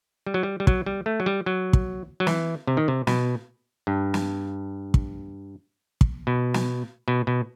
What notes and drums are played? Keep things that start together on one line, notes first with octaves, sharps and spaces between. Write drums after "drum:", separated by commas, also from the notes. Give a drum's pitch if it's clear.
G3
F#3
G3
G3
F#3, drum: kick
G3
A3
F#3
G3
F#3
drum: kick
F#3
E3, drum: snare
C3
D#3
C3
B2, drum: snare
G2
drum: snare
drum: kick
drum: kick
B2
drum: snare
B2
B2